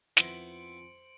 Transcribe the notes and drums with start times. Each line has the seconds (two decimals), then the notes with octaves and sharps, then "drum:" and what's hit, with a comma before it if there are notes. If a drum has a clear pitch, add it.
0.17 F2 F3 B3 E4 C5 C#7 D7 F#7, drum: snare